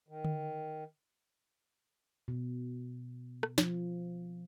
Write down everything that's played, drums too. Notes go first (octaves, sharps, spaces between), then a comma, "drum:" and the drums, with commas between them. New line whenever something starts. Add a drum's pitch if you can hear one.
D#3
drum: tom D3
B2
drum: rim click
F3, drum: snare